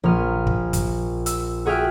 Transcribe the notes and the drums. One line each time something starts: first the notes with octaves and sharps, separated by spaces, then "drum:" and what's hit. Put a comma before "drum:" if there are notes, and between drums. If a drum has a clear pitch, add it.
A#1 F6 D#7
drum: kick
drum: kick, hi-hat
E6, drum: hi-hat
F#4 G#4 E5 G5 F6 F#6